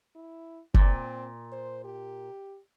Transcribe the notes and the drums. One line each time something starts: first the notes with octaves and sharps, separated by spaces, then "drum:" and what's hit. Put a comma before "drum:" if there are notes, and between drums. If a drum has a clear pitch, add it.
E4
A#2 C4, drum: kick F#1
C5
G4